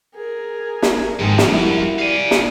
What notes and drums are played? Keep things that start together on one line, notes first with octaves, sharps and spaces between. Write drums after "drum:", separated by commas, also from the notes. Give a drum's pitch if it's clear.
G#4 A#4
drum: snare
F2 G#2 D#3 A4 G#5
drum: snare
G3 A#3 E4 F#4
D5 F5 G#5
drum: snare